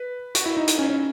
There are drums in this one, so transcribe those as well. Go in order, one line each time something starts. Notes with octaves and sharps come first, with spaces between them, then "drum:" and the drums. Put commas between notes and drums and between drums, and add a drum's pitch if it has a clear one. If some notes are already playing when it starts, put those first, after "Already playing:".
Already playing: B4
F#4, drum: hi-hat
E4
D#4
drum: hi-hat
C#4
C#4